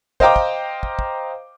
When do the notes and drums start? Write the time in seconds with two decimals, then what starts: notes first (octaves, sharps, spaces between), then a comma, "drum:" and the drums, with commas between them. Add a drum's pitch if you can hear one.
0.20 C5 D#5 F5 G5 A#5 D6, drum: kick
0.36 drum: kick
0.83 drum: kick
0.99 drum: kick